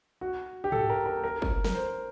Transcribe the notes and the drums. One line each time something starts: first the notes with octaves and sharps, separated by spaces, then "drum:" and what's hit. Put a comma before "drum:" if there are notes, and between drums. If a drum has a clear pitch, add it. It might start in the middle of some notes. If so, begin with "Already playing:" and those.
F#4
G4
A4, drum: tom G#2
A#4
A#4
A#4
drum: kick
A#4, drum: snare
C5